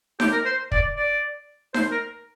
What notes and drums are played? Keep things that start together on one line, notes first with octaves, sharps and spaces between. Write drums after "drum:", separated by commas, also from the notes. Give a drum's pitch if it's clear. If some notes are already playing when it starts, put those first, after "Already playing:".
G4, drum: snare D#4
A#4
C5
D5, drum: kick
D5
C5, drum: snare D#4
A#4